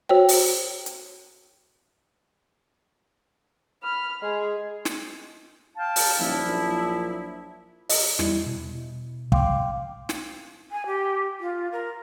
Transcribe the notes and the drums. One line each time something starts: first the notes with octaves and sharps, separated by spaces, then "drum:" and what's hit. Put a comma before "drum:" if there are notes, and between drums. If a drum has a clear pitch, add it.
F#4 C5 C#5 G5
drum: open hi-hat
drum: hi-hat
B5 F6
G#3 G#4
drum: snare
F5 G5 A5
drum: open hi-hat
D#1 F3 F#3 E4
A#1
D#5, drum: open hi-hat
E2 G3 E4, drum: snare
B2
F5 G5 C6 D6, drum: kick
drum: snare
G#5
G4
F4
A#4